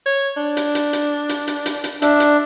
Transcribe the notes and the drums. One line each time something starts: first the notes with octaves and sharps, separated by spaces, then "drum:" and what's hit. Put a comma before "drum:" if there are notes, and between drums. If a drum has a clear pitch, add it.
C#5
D4
drum: hi-hat
drum: hi-hat
drum: hi-hat
drum: hi-hat
drum: hi-hat
drum: hi-hat
drum: hi-hat
D4 E5, drum: hi-hat
drum: hi-hat